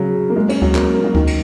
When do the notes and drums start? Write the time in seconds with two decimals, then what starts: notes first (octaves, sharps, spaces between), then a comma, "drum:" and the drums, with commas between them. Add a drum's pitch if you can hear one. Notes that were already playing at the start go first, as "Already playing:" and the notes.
Already playing: C#3 F#3
0.30 A#3
0.36 G#3
0.49 C#4, drum: cymbal
0.62 F#3, drum: kick D2
0.75 A#3, drum: clap
0.94 A#3
1.04 F#3
1.15 D#3, drum: kick D2
1.27 drum: cymbal